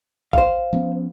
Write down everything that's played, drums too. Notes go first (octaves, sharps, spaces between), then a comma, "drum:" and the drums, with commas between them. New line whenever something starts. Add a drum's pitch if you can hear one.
C5 F5, drum: kick A#1
F3 B3 C#4